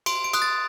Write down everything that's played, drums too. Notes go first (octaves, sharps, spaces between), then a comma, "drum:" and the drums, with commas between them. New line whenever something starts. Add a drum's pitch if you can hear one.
C6 D7, drum: cymbal
D7
D#6 F#6, drum: cymbal
A6